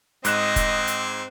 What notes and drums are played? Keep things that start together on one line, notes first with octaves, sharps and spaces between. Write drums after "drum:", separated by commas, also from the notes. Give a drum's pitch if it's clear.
G#2 C4 D#5 D#6 F#6 E7, drum: hi-hat
drum: kick, hi-hat
drum: hi-hat